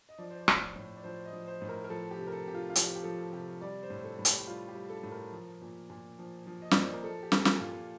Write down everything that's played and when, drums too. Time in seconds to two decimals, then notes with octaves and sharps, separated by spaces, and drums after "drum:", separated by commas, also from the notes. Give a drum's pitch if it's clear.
0.09 D#5
0.18 F3 D5
0.31 C5
0.41 D5
0.48 A2, drum: rim click
0.76 A2
0.96 D5
1.04 F3 C5
1.26 D#5
1.33 F3
1.47 C5
1.62 A2
1.69 A#4
1.84 A#4
1.90 F3 A4
2.11 G4
2.18 C3
2.27 A#4
2.32 A4
2.47 C3 G4
2.55 F4
2.70 F4
2.75 F3 G4, drum: hi-hat
2.96 G4
3.04 F3 A4
3.33 C3 G4
3.61 G3 D5
3.83 C5
3.90 A2
4.04 A4
4.19 A2
4.25 G4, drum: hi-hat
4.47 G3 F4
4.69 G4
4.75 G3
4.90 A4
5.03 A2
5.11 A#4
5.32 F3
5.62 A#2
5.90 A#2
6.19 F3
6.47 F3
6.62 D#5
6.71 A#2 D5, drum: snare
6.82 C5
6.93 A#4
7.03 F3 A4
7.23 G4
7.32 A#2 A4, drum: snare
7.45 drum: snare
7.60 A#2 F4